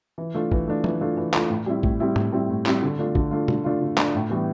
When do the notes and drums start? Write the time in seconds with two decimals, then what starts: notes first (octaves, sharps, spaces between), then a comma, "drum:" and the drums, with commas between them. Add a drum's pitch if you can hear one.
0.18 E3
0.35 A3 D4 F4
0.52 E3, drum: kick
0.68 A3 D4 F4
0.84 E3, drum: tom
1.01 A3 D4 F4
1.17 E3
1.34 A3 D4 F4, drum: clap
1.50 A2
1.66 G3 C4 E4
1.83 A2, drum: kick
2.00 G3 C4 E4
2.16 A2, drum: tom
2.32 G3 C4 E4
2.50 A2
2.66 G3 C4 E4, drum: clap
2.82 D3
2.99 A3 D4 F4
3.15 D3, drum: kick
3.31 A3 D4 F4
3.48 D3, drum: tom
3.64 A3 D4 F4
3.81 D3
3.98 A3 D4 F4, drum: clap
4.15 A2
4.30 E3 G3 B3